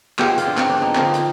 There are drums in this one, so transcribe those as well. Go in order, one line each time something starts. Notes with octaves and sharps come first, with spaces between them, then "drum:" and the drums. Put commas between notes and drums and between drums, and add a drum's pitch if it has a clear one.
G#2 F3 G#3 B3 G4, drum: clap
G#4
F4, drum: hi-hat
D4
C4, drum: clap
D4
D#4
D3 F3 C4, drum: clap
drum: hi-hat